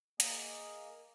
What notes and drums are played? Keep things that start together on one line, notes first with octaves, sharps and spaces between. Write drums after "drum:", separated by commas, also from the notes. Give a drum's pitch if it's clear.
A#3 G#4 D#5, drum: hi-hat